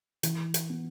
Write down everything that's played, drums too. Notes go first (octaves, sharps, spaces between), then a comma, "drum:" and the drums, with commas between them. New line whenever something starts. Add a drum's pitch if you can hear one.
E3, drum: hi-hat
drum: hi-hat
B3